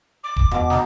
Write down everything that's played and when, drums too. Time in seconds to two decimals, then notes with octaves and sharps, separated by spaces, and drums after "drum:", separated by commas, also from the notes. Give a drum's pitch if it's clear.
0.23 D6
0.36 drum: kick D#1
0.51 B2 F#4 G5, drum: tom E2
0.70 D#4, drum: snare